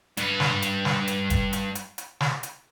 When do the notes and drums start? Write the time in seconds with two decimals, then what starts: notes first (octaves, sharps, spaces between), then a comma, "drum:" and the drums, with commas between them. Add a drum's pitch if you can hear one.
0.17 G2 B4, drum: hi-hat
0.40 drum: snare
0.62 drum: hi-hat
0.85 drum: snare
1.08 drum: hi-hat
1.30 drum: kick F1, hi-hat
1.53 drum: hi-hat
1.75 drum: hi-hat
1.98 drum: hi-hat
2.20 drum: snare
2.43 drum: hi-hat